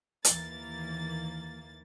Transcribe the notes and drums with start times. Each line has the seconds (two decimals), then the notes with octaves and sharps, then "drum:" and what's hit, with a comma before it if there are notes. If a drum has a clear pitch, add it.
0.25 D#2 E3 A#3 A6, drum: hi-hat